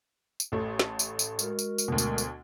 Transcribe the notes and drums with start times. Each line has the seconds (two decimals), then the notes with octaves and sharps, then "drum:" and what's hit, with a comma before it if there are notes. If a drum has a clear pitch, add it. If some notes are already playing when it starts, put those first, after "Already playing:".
0.40 drum: tambourine
0.52 A1 A3
0.79 drum: snare
0.99 drum: tambourine
1.19 drum: tambourine
1.39 G#3 F#4 A#4, drum: tambourine
1.59 drum: tambourine
1.78 drum: tambourine
1.88 D2 B2
1.98 drum: tambourine
2.18 drum: tambourine